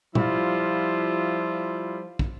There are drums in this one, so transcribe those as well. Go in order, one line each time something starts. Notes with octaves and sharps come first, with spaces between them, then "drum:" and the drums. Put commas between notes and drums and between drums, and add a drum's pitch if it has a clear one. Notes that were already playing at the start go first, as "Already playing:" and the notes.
F3 G3 E4 F4, drum: tom A#2
drum: kick